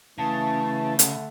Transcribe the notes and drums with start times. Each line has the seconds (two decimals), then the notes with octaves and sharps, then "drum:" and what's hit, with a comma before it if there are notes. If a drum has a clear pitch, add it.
0.19 C#3 E3 A3 A5
0.99 D3 A3, drum: hi-hat